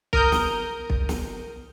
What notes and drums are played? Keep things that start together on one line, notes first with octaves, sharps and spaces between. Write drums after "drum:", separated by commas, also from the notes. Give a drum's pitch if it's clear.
A#4 D#6 G6, drum: kick B1
drum: snare
drum: kick B1
drum: snare